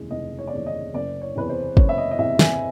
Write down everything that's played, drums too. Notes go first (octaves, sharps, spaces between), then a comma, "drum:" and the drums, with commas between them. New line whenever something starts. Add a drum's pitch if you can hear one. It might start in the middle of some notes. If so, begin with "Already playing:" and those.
Already playing: F1 D#2 C#3 E3 G#3
F1 D#5
C#5
D5
D#2 C#3 E3 G#3 C#5
D#5
F#1 D5
C#5
E2 C3 E3 B4
C5
F#1 C#5, drum: kick
E5
D#5
D#5
E2 C3 E3 E5
G#5, drum: snare